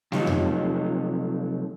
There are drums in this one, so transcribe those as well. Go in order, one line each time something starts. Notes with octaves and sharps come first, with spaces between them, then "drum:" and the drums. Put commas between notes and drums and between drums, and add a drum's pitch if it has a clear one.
C3 F3 F#3 D#4, drum: snare G3
drum: tom F2